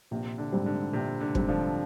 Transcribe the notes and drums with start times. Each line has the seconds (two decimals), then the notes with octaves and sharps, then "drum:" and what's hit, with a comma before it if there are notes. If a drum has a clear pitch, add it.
0.11 A#1 C3
0.38 D3
0.52 G#2 G3 C4
0.66 D3
0.93 A#1 C3
1.21 D3
1.35 G#2 G3 C4, drum: kick
1.49 D3 F3